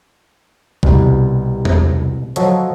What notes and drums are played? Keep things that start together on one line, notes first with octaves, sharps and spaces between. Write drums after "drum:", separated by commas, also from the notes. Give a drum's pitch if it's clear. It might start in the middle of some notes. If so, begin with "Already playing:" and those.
C2 B2 G3, drum: kick
drum: tom E2
F3 F#3 F#4 A4 C#5 D#5, drum: hi-hat